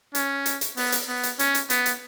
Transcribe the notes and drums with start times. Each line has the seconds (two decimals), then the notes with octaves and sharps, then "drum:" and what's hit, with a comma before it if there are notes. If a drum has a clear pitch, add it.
0.15 C#4, drum: hi-hat
0.46 drum: hi-hat
0.61 drum: hi-hat
0.77 B3, drum: open hi-hat
0.92 drum: hi-hat
1.08 B3
1.23 drum: hi-hat
1.39 C#4, drum: hi-hat
1.55 drum: hi-hat
1.70 B3, drum: hi-hat
1.86 drum: hi-hat